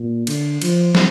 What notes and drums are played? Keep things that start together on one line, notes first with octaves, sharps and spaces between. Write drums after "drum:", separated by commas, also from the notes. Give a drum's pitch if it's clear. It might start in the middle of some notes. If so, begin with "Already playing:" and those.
Already playing: A#2
D3, drum: cymbal
F3, drum: cymbal
drum: snare